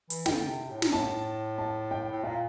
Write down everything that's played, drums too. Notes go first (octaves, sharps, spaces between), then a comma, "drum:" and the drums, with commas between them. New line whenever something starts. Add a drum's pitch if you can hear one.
E3, drum: hi-hat
D3 G5, drum: snare
C3
A2
A#2, drum: snare
A2 A5
A5
G5
A2
A#2 F5